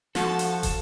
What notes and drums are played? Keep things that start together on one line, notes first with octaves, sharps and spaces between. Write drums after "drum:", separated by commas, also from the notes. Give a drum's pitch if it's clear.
F3 F#4 A4 A5, drum: snare
drum: hi-hat
drum: kick, hi-hat